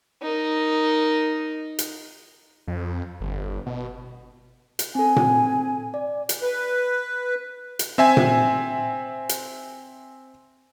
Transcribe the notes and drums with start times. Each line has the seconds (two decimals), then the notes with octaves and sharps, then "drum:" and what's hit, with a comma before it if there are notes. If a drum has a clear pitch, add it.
0.22 D#4 A#4
1.79 drum: hi-hat
2.67 F2
3.21 G1
3.66 B2
4.79 drum: hi-hat
4.95 C4 A4 G#5
5.16 drum: tom A#2
5.94 D5
6.29 drum: hi-hat
6.42 B4
7.79 drum: hi-hat
7.98 C4 E5 G#5
8.17 drum: tom A#2
9.29 drum: hi-hat